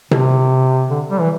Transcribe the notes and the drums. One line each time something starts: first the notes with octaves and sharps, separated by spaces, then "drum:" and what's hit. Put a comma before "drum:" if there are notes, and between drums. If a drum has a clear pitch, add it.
C3, drum: tom C3
D3
G3
E3